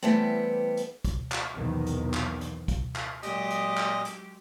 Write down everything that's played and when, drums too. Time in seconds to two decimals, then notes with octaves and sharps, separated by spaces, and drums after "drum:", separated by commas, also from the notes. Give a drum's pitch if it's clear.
0.03 E3 G3 A3 B3 C4
0.77 drum: hi-hat
1.05 drum: kick, hi-hat
1.32 drum: clap
1.53 B1 E2 C3 D#3 B3
1.86 drum: hi-hat
2.14 drum: clap
2.41 drum: hi-hat
2.68 drum: kick, hi-hat
2.96 drum: clap
3.23 A#2 F#3 G#3 G4 D#5 D#6, drum: hi-hat
3.50 drum: hi-hat
3.78 drum: clap
4.05 drum: hi-hat